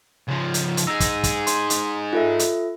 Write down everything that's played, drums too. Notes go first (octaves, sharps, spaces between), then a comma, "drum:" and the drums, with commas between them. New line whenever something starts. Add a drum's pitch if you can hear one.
C#2 F3
drum: hi-hat
drum: hi-hat
D#4 G#4 E6 A#6
drum: kick, hi-hat
drum: kick, hi-hat
C6, drum: hi-hat
drum: hi-hat
F4 A4 E5
drum: hi-hat